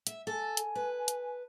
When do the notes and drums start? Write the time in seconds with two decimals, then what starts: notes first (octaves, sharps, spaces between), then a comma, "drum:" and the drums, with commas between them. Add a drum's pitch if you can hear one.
0.07 E5, drum: hi-hat
0.27 A4 G#5
0.57 drum: hi-hat
0.75 B4
1.08 drum: hi-hat